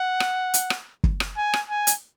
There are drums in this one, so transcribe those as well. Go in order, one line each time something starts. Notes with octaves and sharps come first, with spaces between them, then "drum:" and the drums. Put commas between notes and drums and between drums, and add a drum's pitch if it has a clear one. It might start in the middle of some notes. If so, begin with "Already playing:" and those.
Already playing: F#5
drum: rim click
drum: hi-hat
drum: rim click
drum: kick
drum: rim click
G#5
drum: rim click
G#5
drum: hi-hat